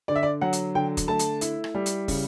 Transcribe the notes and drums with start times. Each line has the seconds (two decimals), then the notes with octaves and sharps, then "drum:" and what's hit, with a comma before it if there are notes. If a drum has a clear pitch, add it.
0.08 D3 D5
0.16 E5
0.23 D5
0.41 F#3 F#5
0.53 drum: hi-hat
0.75 D3 G5
0.97 drum: kick, hi-hat
1.08 A3 A5
1.19 drum: hi-hat
1.41 E4, drum: hi-hat
1.64 drum: rim click
1.75 G3
1.86 drum: hi-hat
2.08 C#3, drum: kick, open hi-hat